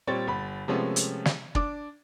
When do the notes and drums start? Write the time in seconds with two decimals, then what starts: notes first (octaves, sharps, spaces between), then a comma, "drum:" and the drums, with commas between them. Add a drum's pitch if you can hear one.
0.07 A#2 G3 C4 C#5 A6
0.27 G1 B5
0.68 C3 F3 G#3 A3 B3 C#4
0.96 drum: hi-hat
1.25 drum: snare
1.55 D4 D6, drum: kick